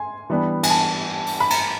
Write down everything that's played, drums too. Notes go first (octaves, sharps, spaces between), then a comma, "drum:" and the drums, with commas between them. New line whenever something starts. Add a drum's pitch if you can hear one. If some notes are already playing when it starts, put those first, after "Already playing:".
Already playing: G#5 C6
E3 G3 B3 D4
G#5, drum: cymbal
A5
drum: open hi-hat
B5
A#5, drum: cymbal